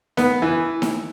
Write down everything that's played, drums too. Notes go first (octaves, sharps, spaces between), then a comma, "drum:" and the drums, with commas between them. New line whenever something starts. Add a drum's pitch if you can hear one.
B3, drum: snare D#4
E3
drum: snare D#4